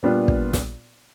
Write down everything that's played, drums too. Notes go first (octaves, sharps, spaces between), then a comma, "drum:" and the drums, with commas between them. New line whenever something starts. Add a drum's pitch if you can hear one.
A#2 G3 B3 D4 F4
drum: kick
drum: snare